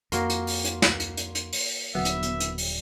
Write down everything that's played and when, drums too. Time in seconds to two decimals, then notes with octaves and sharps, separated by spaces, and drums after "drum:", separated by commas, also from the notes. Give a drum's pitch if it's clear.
0.12 F2 A#3 F#4 A#4 C6, drum: hi-hat
0.30 drum: hi-hat
0.47 drum: open hi-hat
0.65 drum: hi-hat
0.82 drum: snare
1.00 drum: hi-hat
1.17 drum: hi-hat
1.35 drum: hi-hat
1.53 drum: open hi-hat
1.95 D#1 D3 F#3 B3 E5
2.05 drum: hi-hat
2.23 drum: hi-hat
2.40 drum: hi-hat
2.58 drum: open hi-hat